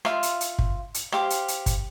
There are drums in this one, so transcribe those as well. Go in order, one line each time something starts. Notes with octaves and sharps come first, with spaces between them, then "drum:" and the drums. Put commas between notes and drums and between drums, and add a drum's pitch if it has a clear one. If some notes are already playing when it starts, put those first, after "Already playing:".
F4 E5 F5 C6, drum: rim click
drum: hi-hat
drum: hi-hat
drum: kick
drum: hi-hat
G4 C5 F5 D6, drum: rim click
drum: hi-hat
drum: hi-hat
drum: kick, hi-hat